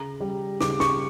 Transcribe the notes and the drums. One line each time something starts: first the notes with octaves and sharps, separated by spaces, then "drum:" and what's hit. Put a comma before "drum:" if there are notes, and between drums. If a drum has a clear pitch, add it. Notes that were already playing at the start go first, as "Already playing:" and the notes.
Already playing: C#3 A#5
G3
C#3 D6, drum: snare
C#6, drum: snare